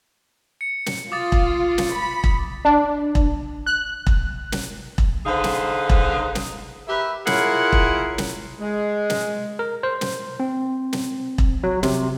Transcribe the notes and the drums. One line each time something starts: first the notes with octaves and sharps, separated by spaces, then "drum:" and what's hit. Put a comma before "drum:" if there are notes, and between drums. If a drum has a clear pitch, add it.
C#7
drum: snare
F4 D6 D#6 A6
drum: kick E1
drum: snare
B5
drum: kick E1
D4
drum: kick E1
F#6
drum: kick E1
drum: snare
drum: kick E1
D3 D#4 G#4 B4 C5 F5
drum: snare
drum: kick E1
drum: snare
G4 A#4 B4 E5
E4 F4 G#4 A#4 C#5 F#5, drum: snare
drum: kick E1
drum: snare
G#3
drum: snare
A#4
C5
drum: snare
C4
drum: snare
drum: kick E1
F#3
C3, drum: snare